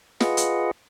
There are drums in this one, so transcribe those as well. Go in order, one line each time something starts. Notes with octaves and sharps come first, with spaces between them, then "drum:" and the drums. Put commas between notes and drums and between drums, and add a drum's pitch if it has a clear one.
F4 G#4 B4 D#5 F#5, drum: snare
drum: hi-hat